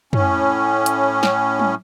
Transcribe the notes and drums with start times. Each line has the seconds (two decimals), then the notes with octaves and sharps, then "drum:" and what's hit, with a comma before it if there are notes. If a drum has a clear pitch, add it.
0.13 A2 C#4, drum: tom
0.86 drum: hi-hat
1.23 drum: snare
1.59 drum: tom F#3